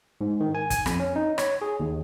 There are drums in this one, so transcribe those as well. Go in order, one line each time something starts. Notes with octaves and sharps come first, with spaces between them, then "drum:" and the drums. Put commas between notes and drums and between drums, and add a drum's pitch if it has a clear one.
G#2
D#3
G#5
G#5, drum: kick, hi-hat
F2, drum: rim click
C#4
D#4
C#5, drum: rim click
G#4
D#2